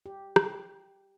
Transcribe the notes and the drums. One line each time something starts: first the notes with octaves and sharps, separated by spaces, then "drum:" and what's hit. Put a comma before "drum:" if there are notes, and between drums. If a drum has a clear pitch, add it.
G4
drum: rim click